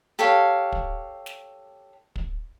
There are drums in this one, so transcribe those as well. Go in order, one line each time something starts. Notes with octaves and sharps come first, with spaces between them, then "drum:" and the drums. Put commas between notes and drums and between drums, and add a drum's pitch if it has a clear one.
G4 A4 C#5 F5
drum: kick
drum: snare
drum: kick